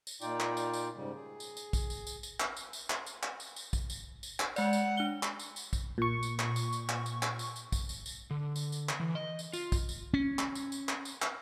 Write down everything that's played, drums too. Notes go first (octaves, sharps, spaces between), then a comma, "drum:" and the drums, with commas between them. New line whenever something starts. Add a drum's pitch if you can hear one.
drum: tambourine
A#2 D#4 F4 D5 G5, drum: tambourine
drum: clap
drum: tambourine
drum: tambourine
G#2 C#3 G3
G#4
drum: tambourine
drum: tambourine
drum: kick, tambourine
drum: tambourine
drum: tambourine
drum: tambourine
drum: clap
drum: tambourine
drum: tambourine
drum: clap
drum: tambourine
drum: clap
drum: tambourine
drum: tambourine
drum: kick, tambourine
drum: tambourine
drum: tambourine
drum: clap
G#3 D5 F#5, drum: tambourine
drum: tambourine
D4 G7
drum: clap
drum: tambourine
drum: tambourine
drum: kick, tambourine
A#2 C#6
drum: tambourine
drum: clap
drum: tambourine
drum: tambourine
drum: clap
drum: tambourine
drum: clap
drum: tambourine
drum: tambourine
drum: kick, tambourine
drum: tambourine
drum: tambourine
D3
drum: tambourine
drum: tambourine
drum: clap
E3
D#5
drum: tambourine
F4, drum: tambourine
drum: kick, tambourine
drum: tambourine
C#4
drum: clap
drum: tambourine
drum: tambourine
drum: clap
drum: tambourine
drum: clap